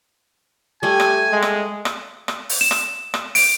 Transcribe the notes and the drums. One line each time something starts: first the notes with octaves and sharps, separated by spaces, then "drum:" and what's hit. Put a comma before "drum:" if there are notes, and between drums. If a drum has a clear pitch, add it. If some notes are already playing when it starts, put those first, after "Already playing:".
G3 A3 G4 G#5
drum: rim click
G#3
drum: rim click
drum: rim click
drum: rim click
drum: open hi-hat
E7
drum: rim click
drum: rim click
D7, drum: open hi-hat